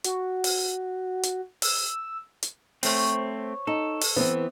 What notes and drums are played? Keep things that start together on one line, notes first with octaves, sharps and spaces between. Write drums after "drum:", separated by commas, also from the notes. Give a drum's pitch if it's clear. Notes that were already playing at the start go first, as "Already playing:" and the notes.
F#4, drum: hi-hat
drum: open hi-hat
drum: hi-hat
E6, drum: open hi-hat
drum: hi-hat
A3 C4 C5 C#5 C#6, drum: open hi-hat
D#4 A4
drum: open hi-hat
E3 B3 C4